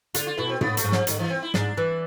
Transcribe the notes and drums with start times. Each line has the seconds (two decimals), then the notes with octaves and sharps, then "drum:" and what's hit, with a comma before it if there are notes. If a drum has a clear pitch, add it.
0.14 D3 F4, drum: hi-hat
0.27 F4
0.37 B2 E4
0.49 C4
0.61 A2 B3, drum: tom G#2
0.77 A3, drum: hi-hat
0.84 G#2
0.92 F3, drum: snare
1.07 G#2 D3, drum: hi-hat
1.19 E3
1.30 C4
1.43 E4
1.54 G#2 D4, drum: snare
1.77 E3